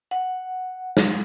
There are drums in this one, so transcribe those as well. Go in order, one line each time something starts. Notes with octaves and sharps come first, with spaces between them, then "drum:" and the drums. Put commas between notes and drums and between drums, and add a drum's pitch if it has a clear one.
F#5
drum: snare